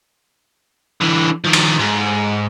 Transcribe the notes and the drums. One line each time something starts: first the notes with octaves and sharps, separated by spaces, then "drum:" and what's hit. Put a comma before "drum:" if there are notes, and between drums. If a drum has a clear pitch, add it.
D3 E3
D#3 F3
drum: cymbal
G#2